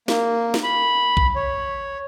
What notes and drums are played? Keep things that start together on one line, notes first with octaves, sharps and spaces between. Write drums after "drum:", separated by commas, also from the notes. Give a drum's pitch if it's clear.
A#3, drum: snare
drum: snare
B5
drum: kick B1
C#5